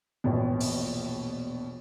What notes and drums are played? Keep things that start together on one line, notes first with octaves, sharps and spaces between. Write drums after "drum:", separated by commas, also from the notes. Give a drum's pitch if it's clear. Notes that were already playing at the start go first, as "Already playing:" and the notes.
E1 A#1 B2
drum: open hi-hat